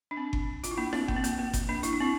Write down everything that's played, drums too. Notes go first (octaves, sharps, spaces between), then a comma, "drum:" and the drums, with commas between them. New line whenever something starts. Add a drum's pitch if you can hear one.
D4
C4
drum: kick G1
F4, drum: hi-hat
E4
A#3 D4
C4, drum: snare E4
A#3, drum: kick G1
C4
A#3, drum: hi-hat
A#3
drum: kick G1, hi-hat
A#3 D4
E4, drum: hi-hat
D4
C4 E4